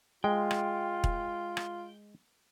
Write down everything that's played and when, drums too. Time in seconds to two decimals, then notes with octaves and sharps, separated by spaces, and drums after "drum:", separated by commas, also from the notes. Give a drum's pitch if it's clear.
0.24 G#3 F4 G5
0.51 drum: rim click
1.04 drum: kick E1
1.57 drum: rim click